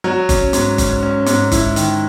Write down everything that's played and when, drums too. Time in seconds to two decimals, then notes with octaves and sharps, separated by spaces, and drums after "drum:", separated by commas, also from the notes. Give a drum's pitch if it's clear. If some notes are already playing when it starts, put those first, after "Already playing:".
0.04 F#3
0.29 C#4, drum: kick F#1, hi-hat
0.53 G#2, drum: hi-hat
0.78 C#4, drum: kick F#1, hi-hat
1.03 C#4
1.26 G#2, drum: hi-hat
1.52 E4, drum: kick F#1, hi-hat
1.76 D#3, drum: hi-hat